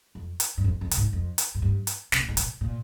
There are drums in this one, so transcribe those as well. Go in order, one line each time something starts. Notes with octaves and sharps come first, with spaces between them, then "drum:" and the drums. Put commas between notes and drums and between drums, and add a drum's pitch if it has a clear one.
F2
drum: hi-hat
G2
F2
F2
A#2, drum: hi-hat
G#2
F2
drum: hi-hat
G#2
G2
drum: hi-hat
C3, drum: snare
A#2
G#2
A#2, drum: hi-hat
A#2